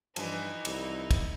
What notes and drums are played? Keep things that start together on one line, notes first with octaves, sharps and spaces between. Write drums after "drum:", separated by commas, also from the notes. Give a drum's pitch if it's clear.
G2 E3 F3 D#4 G#5, drum: cymbal
C2 E4, drum: cymbal
drum: kick, cymbal